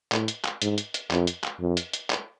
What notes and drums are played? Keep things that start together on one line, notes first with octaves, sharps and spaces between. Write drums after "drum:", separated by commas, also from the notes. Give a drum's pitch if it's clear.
A2, drum: clap
drum: hi-hat
drum: clap
G#2, drum: hi-hat
drum: hi-hat
drum: hi-hat
F2, drum: clap
drum: hi-hat
drum: clap
F2
drum: hi-hat
drum: hi-hat
drum: clap